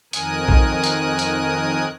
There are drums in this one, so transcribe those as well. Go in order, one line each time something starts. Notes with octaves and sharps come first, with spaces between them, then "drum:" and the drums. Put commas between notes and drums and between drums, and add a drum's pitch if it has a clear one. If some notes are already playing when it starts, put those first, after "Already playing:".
F2 D#3 A#4 G#5 D#6 F#6, drum: hi-hat
drum: kick
drum: hi-hat
drum: hi-hat